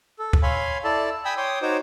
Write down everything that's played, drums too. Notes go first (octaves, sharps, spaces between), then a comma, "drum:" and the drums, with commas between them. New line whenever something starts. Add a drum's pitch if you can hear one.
A4
drum: kick D2
C#5 F5 G#5 B5 C6
E4 A4 D5 A5
G5 G#5 B5 D#6 E6
C#5 G5 C6 D6 D#6
D#4 F#4 C5 C#5 D6